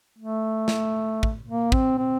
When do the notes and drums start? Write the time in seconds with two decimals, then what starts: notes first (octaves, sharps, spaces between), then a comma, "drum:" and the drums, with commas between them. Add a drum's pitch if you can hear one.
0.18 A3
0.68 drum: snare
1.23 drum: kick
1.47 A#3
1.72 C4, drum: kick
1.98 C4